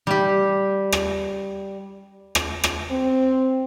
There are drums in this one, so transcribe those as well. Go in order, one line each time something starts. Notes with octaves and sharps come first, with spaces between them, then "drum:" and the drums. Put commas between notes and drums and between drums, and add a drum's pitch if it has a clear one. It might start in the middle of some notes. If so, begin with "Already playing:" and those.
G3 G4
drum: rim click
drum: rim click
drum: rim click
C4